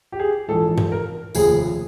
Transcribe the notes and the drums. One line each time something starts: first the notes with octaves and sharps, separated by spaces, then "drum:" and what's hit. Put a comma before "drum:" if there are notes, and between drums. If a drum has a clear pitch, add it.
G4
G#4
A#1 G#2 E3 A4
drum: tom G2
A#4
F1 D#2 C#3 F3 G#4, drum: tambourine